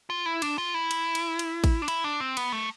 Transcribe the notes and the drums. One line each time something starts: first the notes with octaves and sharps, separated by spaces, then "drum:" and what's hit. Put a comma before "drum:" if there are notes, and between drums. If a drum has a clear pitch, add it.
F4
E4
D4, drum: cymbal
F4
E4
drum: cymbal
drum: cymbal
drum: cymbal
drum: kick A1, cymbal
D4
E4, drum: cymbal
D4
C4
B3, drum: cymbal
A3